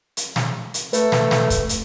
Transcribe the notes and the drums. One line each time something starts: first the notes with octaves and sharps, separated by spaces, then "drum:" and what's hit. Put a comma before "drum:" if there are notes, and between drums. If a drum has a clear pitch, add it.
drum: hi-hat
drum: snare
drum: hi-hat
A3 B4, drum: hi-hat
drum: snare
drum: snare
drum: kick, hi-hat
drum: hi-hat